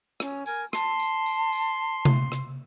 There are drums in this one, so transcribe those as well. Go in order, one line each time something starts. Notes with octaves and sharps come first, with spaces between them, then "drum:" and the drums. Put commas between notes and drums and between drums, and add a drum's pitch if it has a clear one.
C#4, drum: rim click
A#4 G#5, drum: tambourine
A5 C6, drum: rim click
drum: tambourine
drum: tambourine
drum: tambourine
drum: tom C3
drum: rim click